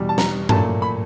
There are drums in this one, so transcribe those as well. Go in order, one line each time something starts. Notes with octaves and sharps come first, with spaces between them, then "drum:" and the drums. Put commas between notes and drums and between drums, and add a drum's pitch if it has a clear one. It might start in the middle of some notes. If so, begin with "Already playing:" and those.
Already playing: E2 B2 G3
A5
A#5, drum: snare
A#2 F#3 A3 A5, drum: tom G2
B5